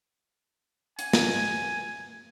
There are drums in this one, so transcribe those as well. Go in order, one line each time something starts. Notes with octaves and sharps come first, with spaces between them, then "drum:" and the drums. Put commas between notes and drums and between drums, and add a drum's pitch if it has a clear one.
G#5, drum: hi-hat
drum: snare